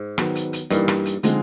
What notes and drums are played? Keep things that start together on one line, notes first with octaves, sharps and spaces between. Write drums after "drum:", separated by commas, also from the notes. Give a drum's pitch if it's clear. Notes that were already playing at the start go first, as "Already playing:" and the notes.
Already playing: G#2
D#3 F#3 B3, drum: rim click
drum: hi-hat
drum: hi-hat
G2 E3 G3 A#3 D#4, drum: hi-hat
drum: rim click
drum: hi-hat
D3 F3 G#3 C4 D#4, drum: hi-hat